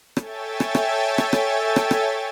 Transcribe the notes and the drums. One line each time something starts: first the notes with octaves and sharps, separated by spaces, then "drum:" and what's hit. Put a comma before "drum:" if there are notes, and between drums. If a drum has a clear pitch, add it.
A4 C#5 E5 G5 G#5 A6, drum: rim click
drum: rim click
drum: rim click
drum: rim click
drum: rim click
drum: rim click
drum: rim click